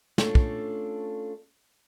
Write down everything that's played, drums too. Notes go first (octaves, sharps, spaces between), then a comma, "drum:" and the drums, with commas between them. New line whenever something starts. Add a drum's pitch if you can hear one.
A3 C#4 D4 F4 A4, drum: snare
drum: kick